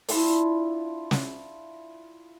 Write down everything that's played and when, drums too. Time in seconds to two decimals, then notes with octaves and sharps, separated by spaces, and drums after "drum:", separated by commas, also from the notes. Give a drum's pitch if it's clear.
0.08 D4 E4 F4, drum: open hi-hat
1.11 drum: snare